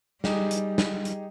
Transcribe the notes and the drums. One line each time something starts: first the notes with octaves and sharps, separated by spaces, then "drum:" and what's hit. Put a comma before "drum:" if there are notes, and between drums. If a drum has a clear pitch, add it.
G3 D#4 G4 G#4, drum: snare
drum: hi-hat
drum: snare
drum: hi-hat